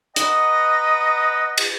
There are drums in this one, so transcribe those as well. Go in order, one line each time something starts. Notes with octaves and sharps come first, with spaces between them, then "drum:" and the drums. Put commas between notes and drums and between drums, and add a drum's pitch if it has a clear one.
B4 D#5 F#5 A#5, drum: hi-hat
drum: cymbal